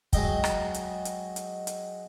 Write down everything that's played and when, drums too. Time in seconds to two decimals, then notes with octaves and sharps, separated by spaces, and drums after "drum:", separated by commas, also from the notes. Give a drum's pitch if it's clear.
0.13 F#3 G#3 D#5 G5, drum: kick, hi-hat
0.44 drum: rim click
0.74 drum: hi-hat
1.05 drum: hi-hat
1.36 drum: hi-hat
1.67 drum: hi-hat